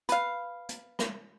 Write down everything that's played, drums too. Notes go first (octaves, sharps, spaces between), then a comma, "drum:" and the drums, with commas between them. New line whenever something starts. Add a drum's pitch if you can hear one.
B4 F5, drum: hi-hat
drum: hi-hat
drum: rim click